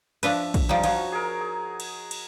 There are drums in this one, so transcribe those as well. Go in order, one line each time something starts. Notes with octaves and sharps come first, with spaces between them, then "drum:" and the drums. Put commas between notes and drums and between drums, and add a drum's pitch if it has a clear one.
F3 D4 B4 E5, drum: cymbal
drum: kick A#1, cymbal
F3 G3 D#4 F4
F3 F#4 C#5, drum: cymbal
G#4 A#4
G#4
drum: cymbal
drum: cymbal